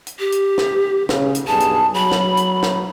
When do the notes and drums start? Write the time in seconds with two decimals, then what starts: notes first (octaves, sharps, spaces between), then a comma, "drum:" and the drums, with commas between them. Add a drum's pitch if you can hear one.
0.07 drum: hi-hat
0.19 G4
0.32 drum: hi-hat
0.58 drum: snare
1.09 C#3, drum: snare
1.35 drum: hi-hat
1.47 B1 G2 G#4 A5
1.60 drum: hi-hat
1.94 F#3 B5
2.12 drum: snare
2.37 drum: hi-hat
2.63 drum: snare